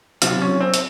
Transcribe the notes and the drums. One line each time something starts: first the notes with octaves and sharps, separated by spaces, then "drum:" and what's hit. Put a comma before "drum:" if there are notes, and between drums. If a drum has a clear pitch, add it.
C3 F#3 C4 F4, drum: hi-hat
C#4
C4
drum: hi-hat